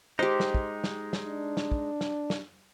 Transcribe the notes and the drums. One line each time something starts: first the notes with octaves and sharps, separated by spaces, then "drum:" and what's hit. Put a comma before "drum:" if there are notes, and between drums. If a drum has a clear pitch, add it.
G#3 D#4 G4 C5
drum: snare
drum: kick
drum: snare
drum: snare
D4
drum: snare
drum: kick
drum: snare
drum: snare